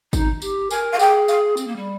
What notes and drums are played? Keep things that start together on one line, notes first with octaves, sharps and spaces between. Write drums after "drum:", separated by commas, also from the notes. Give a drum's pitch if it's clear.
D#4, drum: kick G#1, tambourine
G4, drum: tambourine
A#4 G#5, drum: tambourine
F5
G#4 G5, drum: tambourine
F5, drum: tambourine
C4, drum: tambourine
A#3
G3